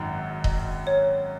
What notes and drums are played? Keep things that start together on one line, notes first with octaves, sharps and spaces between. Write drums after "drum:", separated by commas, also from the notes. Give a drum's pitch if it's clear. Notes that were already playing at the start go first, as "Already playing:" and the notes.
Already playing: G#1 F#2 D#3
D#5, drum: kick D#1
C#5